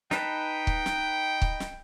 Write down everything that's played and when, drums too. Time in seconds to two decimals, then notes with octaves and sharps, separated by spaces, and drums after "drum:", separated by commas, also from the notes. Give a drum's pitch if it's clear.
0.11 D#4 B4 G5 A5, drum: snare
0.67 drum: kick
0.86 drum: snare
1.42 drum: kick
1.60 drum: snare